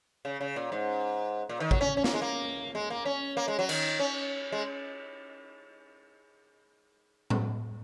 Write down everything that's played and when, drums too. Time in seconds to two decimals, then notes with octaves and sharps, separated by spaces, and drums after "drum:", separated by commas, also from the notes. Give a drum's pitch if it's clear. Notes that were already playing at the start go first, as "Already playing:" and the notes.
0.25 C#3
0.41 C#3
0.56 A#2
0.72 G#2
1.49 A#2
1.60 D#3
1.71 F#3, drum: kick
1.81 C#4
1.97 C#4
2.04 A#3, drum: snare
2.14 G#3
2.22 A#3
2.75 G#3
2.90 A#3
3.05 C#4
3.37 A#3
3.48 G#3
3.59 F#3
3.69 D#3, drum: cymbal
3.99 C#4
4.52 G#3
7.30 drum: tom A2